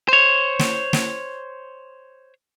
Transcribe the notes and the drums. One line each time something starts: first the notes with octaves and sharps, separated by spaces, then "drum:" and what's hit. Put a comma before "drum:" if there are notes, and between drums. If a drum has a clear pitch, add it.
C5 C#5
drum: snare
drum: snare